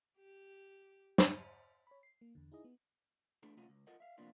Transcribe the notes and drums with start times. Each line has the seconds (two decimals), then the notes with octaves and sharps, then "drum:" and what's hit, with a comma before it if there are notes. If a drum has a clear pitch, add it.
0.18 G4
1.18 drum: snare
1.87 C#5 B5
2.03 C7
2.21 A#3
2.35 E2 D3
2.52 D#4 E4 G#4 D#5
2.64 B3
3.43 A3 D4 G#4 A4
3.57 C3 A3 C#4 F4 F#4
3.69 C#2
3.87 F4 A4 A#4 D#5 F#5
4.00 E5 F5
4.18 C3 F3 A#3 B3 D4 F4